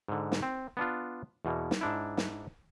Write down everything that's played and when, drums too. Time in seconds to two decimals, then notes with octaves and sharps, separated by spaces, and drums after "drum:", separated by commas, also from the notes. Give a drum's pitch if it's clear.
0.08 G#2 D3
0.32 drum: snare
0.42 C4
0.77 B3 D4 F4
1.45 E2 B2 A#3
1.71 drum: snare
1.81 G#2 D4 E4
2.17 drum: snare